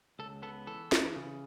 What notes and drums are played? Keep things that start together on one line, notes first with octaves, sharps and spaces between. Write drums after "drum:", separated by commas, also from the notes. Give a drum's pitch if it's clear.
C#2 A4
B3 A4
E3 A4
E3, drum: snare
C#3